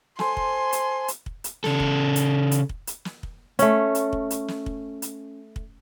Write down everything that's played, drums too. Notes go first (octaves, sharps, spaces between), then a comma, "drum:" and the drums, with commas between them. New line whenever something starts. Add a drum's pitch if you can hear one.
A4 C5 G#5 C6, drum: snare
drum: kick
drum: hi-hat
drum: hi-hat
drum: kick
drum: hi-hat
C#3 A4, drum: snare
drum: kick
drum: hi-hat
drum: hi-hat
drum: kick
drum: hi-hat
drum: snare
drum: kick
A3 C#4, drum: hi-hat
drum: hi-hat
drum: kick
drum: hi-hat
drum: snare
drum: kick
drum: hi-hat
drum: kick